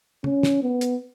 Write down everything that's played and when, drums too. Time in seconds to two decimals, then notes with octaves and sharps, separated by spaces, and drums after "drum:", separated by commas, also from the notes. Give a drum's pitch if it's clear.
0.24 C#4, drum: tom
0.43 drum: snare
0.62 B3
0.81 drum: hi-hat